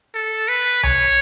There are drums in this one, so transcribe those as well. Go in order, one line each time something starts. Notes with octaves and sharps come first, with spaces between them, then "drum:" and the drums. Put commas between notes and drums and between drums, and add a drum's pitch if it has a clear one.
A4
B4
C#5, drum: tom C2